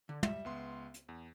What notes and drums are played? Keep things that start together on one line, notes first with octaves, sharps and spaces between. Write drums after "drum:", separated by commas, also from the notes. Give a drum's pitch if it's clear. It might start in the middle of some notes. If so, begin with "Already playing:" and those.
D3
G3 E5, drum: tom
C#2 B3 C6
drum: hi-hat
E2